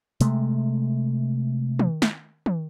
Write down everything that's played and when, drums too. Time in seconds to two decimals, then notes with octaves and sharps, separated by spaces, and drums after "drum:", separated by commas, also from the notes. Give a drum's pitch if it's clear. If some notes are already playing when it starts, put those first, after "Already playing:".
0.21 C3 G#3 A3, drum: hi-hat
1.79 drum: tom
2.02 drum: snare
2.46 drum: tom